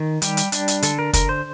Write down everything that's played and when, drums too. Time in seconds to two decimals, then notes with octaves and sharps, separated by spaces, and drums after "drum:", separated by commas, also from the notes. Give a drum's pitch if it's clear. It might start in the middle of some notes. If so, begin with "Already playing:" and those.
Already playing: D#3
0.22 G3 G4, drum: hi-hat
0.37 drum: hi-hat
0.52 D4, drum: hi-hat
0.68 drum: hi-hat
0.82 D3 A4, drum: hi-hat
0.99 A#4
1.13 D3 A#4, drum: kick, hi-hat
1.29 C5